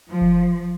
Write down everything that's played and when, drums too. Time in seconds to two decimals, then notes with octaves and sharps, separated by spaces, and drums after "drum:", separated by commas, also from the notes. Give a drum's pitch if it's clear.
0.11 F3
0.21 drum: kick F#1